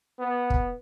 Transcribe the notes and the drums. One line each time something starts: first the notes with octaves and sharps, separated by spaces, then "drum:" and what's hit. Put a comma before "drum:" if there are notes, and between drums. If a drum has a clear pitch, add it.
B3
drum: kick